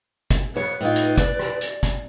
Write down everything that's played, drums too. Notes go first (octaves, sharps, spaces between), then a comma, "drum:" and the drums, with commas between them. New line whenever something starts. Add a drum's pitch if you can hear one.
drum: kick, hi-hat
F2 B4 C#5
A2 D#4 F4
drum: hi-hat
D5, drum: kick, hi-hat
drum: rim click
drum: hi-hat
drum: kick, hi-hat